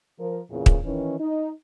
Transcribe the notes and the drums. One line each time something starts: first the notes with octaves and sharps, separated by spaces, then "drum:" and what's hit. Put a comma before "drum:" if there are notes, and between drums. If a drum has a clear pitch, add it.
F3 A#4
E2 A#2 C#3
drum: kick
D#3 E3 C#4
D#4